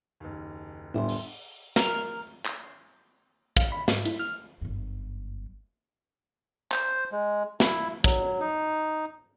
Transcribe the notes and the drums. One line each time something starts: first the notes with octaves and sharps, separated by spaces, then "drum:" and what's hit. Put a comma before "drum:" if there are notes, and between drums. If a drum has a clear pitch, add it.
F#1 D#2
G1 A2 E5 C6
drum: open hi-hat
A#4, drum: snare
drum: clap
F5, drum: kick
B5
G#2, drum: snare
E4, drum: hi-hat
F6
G1 F#2
C5, drum: clap
G#3
E4, drum: snare
F#3, drum: kick
D#4